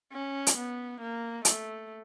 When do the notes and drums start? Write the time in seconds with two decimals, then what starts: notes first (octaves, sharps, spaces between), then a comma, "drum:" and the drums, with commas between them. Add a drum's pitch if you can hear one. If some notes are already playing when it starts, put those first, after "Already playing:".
0.13 C#4
0.47 drum: hi-hat
0.57 B3
1.01 A#3
1.45 A3, drum: hi-hat